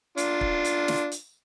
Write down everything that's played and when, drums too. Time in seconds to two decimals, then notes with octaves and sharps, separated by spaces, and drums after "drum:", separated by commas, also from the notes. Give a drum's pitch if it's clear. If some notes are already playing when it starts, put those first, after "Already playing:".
0.18 D4 F4, drum: hi-hat
0.41 drum: kick
0.65 drum: hi-hat
0.88 drum: snare
1.12 drum: hi-hat